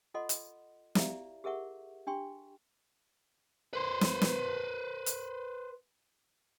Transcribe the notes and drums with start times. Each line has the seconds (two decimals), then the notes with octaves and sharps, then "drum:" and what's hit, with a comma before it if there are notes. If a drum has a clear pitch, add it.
0.14 F4 A4 D#5 F#5 C6
0.29 drum: hi-hat
0.95 E4 G4 D5 E5 F5 A#5, drum: snare
1.44 G4 G#4 A#4 E5 F#5 C#6
2.07 D4 G4 G5 C6 C#6
3.73 B4 C5
4.01 drum: snare
4.21 drum: snare
5.06 drum: hi-hat